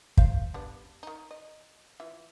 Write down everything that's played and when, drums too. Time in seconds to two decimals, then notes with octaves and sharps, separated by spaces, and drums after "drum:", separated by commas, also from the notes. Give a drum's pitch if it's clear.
0.17 C5 F5, drum: kick
0.54 G3 B3 D4
1.03 D#3 D#4
1.31 D#5
2.00 E3 F4 E5